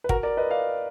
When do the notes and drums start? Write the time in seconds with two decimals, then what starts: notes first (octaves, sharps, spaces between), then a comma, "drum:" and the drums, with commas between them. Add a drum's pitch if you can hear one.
0.04 B4
0.09 F#4 A#4, drum: kick
0.23 A#4 D5
0.37 B4 D#5
0.51 D5 F5